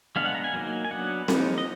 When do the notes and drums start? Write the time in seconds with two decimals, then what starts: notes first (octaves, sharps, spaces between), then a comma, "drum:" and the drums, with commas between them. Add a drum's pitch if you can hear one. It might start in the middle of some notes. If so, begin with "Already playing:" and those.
0.16 G#3 B3 D4 F5
0.25 F#5
0.35 A#5
0.44 G#5
0.53 F#3 A#3 D#4
0.85 G#5
0.91 F#3 B3 D4 F#5
1.28 F3 A#3 D#4, drum: snare C4
1.58 D#5